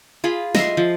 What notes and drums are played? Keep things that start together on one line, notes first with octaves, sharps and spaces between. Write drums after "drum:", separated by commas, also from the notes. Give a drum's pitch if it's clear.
F4 G#4 B5
D#5 E5 C6, drum: snare
F3